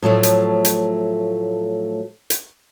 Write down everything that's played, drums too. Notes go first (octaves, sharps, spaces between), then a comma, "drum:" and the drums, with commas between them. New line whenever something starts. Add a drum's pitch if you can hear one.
A2 F3 F#3 A3
drum: hi-hat
drum: hi-hat
drum: hi-hat